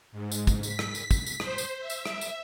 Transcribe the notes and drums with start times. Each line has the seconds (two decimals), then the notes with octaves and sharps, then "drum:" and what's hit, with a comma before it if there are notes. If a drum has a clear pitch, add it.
0.12 G#2
0.32 drum: tambourine
0.47 drum: kick, tambourine
0.63 B6, drum: tambourine
0.79 drum: rim click
0.95 drum: tambourine
1.11 drum: kick, tambourine
1.26 drum: tambourine
1.40 C5, drum: rim click
1.58 drum: tambourine
1.80 E5
1.90 drum: tambourine
2.05 drum: rim click
2.21 drum: tambourine